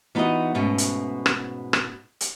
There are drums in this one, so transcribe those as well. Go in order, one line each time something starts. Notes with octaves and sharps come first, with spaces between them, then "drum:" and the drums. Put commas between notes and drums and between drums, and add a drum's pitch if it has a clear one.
E3 B3 D#4 F4 F#4 D#5
G#2 B2 A3 C#4
drum: hi-hat
drum: rim click
drum: rim click
drum: hi-hat